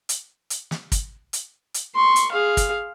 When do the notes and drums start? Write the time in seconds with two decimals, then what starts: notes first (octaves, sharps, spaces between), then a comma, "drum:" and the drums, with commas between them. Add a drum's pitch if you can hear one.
0.09 drum: hi-hat
0.50 drum: hi-hat
0.71 drum: snare
0.92 drum: kick, hi-hat
1.33 drum: hi-hat
1.74 drum: hi-hat
1.95 C6 C#6
2.16 drum: hi-hat
2.32 G#4 F5
2.57 drum: kick, hi-hat